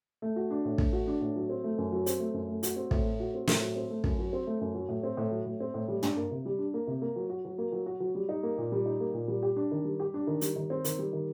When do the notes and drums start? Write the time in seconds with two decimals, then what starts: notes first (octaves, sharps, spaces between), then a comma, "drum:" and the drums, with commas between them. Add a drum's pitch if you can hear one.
0.22 A3
0.36 F#4
0.51 D4
0.65 A2
0.78 A3, drum: kick
0.93 F#4
1.07 D4
1.21 A2
1.36 F#3
1.49 C4
1.64 A3
1.78 F#2
1.92 F#3
2.06 C4, drum: hi-hat
2.20 A3
2.34 F#2
2.48 A3
2.63 F#4, drum: hi-hat
2.76 C4
2.91 A2, drum: kick
3.05 A3
3.20 F#4
3.34 C4
3.47 A2, drum: snare
3.62 F#3
3.76 C4
3.90 A3
4.04 F#2, drum: kick
4.19 F#3
4.33 C4
4.47 A3
4.61 F#2
4.75 F#3
4.89 A2
5.03 C4
5.17 A2
5.31 F#3
5.46 A2
5.60 C4
5.74 A2
5.88 G3
6.03 D4, drum: tom
6.17 A#3
6.31 C3
6.45 G3
6.59 D4
6.74 A#3
6.87 C3
7.02 A#3
7.16 F#3
7.30 F#4
7.45 F#3
7.58 A#3
7.72 F#3
7.86 F#4
8.00 F#3
8.15 G3
8.29 D#4
8.43 A#3
8.58 A#2
8.72 G3
8.86 D#4
9.00 A#3
9.14 A#2
9.28 G3
9.42 G4
9.56 D4
9.71 D#3
9.85 G3
10.00 G4
10.14 D4
10.27 D#3
10.41 G3, drum: hi-hat
10.56 D#3
10.70 C4
10.84 D#3, drum: hi-hat
10.99 G3
11.13 D#3